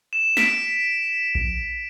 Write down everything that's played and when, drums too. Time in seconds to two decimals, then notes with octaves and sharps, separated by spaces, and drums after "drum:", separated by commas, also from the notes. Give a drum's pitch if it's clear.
0.13 E7
0.37 B6 D7, drum: snare
1.35 drum: kick A#1